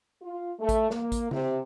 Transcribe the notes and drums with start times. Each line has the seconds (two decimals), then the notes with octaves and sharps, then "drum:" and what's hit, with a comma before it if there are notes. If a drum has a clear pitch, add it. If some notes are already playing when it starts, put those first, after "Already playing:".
0.22 F4
0.59 A3
0.69 drum: kick A1, hi-hat
0.90 A#3, drum: snare
1.12 drum: kick A1, hi-hat
1.31 C3, drum: tom C#3